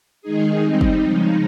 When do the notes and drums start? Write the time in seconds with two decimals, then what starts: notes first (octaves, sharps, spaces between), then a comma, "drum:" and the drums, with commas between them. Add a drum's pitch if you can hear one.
0.22 D#3 G#3 D#4 G#4
0.62 G3 C4 D#4
0.81 drum: kick
1.00 C#3 F3 G#3 D#4